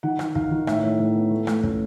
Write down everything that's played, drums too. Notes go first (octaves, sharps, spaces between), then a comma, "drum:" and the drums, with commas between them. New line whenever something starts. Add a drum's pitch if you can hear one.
D#3 F#5
D#3, drum: rim click
D#3 F5, drum: kick
D#3
A2 E5, drum: rim click
A2
A2
B3
A3
A3, drum: rim click
C#4, drum: kick